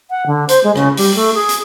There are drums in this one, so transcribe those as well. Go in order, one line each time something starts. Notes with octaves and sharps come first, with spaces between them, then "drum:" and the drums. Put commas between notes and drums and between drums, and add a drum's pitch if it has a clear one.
F#5
D3
C5, drum: hi-hat
G#3
C#3, drum: rim click
G3, drum: open hi-hat
A3
G#4
drum: hi-hat